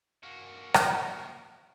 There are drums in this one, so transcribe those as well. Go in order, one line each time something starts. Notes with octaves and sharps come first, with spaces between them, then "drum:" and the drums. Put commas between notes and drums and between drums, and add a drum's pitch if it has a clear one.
A#3 F#4
drum: rim click